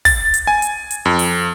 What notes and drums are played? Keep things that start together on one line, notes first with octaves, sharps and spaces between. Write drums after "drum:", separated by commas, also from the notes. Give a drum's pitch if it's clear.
A6, drum: kick, open hi-hat
drum: hi-hat
G#5
drum: hi-hat
drum: hi-hat
F2
drum: open hi-hat